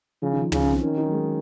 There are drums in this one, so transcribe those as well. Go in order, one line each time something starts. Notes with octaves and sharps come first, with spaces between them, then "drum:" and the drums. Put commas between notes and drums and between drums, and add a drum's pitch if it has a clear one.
C#3 F3
D#3
F3
C#3 D#4, drum: tom
C#4
C4
D#3 C#4
D#4
F#3
G#3